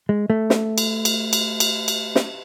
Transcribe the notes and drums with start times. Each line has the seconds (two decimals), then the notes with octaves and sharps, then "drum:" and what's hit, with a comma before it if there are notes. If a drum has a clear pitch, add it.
0.09 G#3
0.30 A3
0.50 drum: snare
0.78 drum: cymbal
1.05 drum: cymbal
1.33 drum: cymbal
1.60 drum: cymbal
1.88 drum: cymbal
2.15 drum: snare